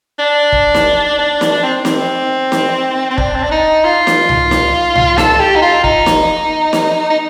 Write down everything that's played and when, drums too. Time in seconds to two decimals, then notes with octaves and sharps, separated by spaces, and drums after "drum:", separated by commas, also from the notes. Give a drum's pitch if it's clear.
0.19 D4
0.52 drum: kick
0.74 drum: snare
1.19 D4
1.41 drum: snare
1.52 D4
1.63 C4
1.85 C4, drum: snare
2.52 drum: snare
3.11 C4
3.18 D4, drum: kick
3.35 C4
3.43 D4
3.52 D#4
3.84 F4
4.07 drum: snare
4.29 drum: tom C2
4.51 drum: snare
4.95 drum: tom C2
5.18 A4, drum: snare
5.40 G4
5.56 D#4
5.62 F4
5.84 D#4, drum: kick
6.06 drum: snare
6.73 drum: snare
7.10 D#4